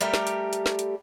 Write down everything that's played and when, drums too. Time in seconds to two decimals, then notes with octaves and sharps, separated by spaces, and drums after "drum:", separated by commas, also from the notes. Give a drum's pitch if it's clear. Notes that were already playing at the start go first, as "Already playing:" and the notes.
0.01 G3 A3 G4 A#4
0.14 drum: snare
0.27 drum: hi-hat
0.53 drum: hi-hat
0.66 drum: snare
0.79 drum: hi-hat